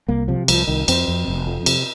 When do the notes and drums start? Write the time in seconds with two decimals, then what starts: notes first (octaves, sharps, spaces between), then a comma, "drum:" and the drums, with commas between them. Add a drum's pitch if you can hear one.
0.08 C2 A#3
0.28 C3 F3
0.48 C2 F3, drum: cymbal
0.68 C2 D#3
0.88 F2 C4, drum: cymbal
1.08 F2
1.28 F1
1.47 F2
1.66 C3, drum: cymbal